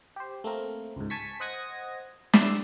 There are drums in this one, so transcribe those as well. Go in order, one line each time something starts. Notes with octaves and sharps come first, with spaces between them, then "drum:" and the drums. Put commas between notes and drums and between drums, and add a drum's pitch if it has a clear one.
G4 C5
A3 A#3 C4 A#4
C#2 G#2
G#5 A5 C#6 B6
C5 D#5 F#5 D#6 G#6 A#6
E4 G4 D5 C6 D#6 E6, drum: snare